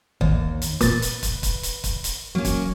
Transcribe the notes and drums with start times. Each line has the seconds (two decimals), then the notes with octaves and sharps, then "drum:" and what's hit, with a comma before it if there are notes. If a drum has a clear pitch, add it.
0.21 A1 D#2, drum: kick
0.62 drum: hi-hat
0.81 A#2 B4 A6, drum: kick, hi-hat
1.02 drum: hi-hat
1.23 drum: kick, hi-hat
1.43 drum: kick, hi-hat
1.63 drum: hi-hat
1.84 drum: kick, hi-hat
2.04 drum: hi-hat
2.35 F#3 A#3 C#4
2.45 drum: kick, hi-hat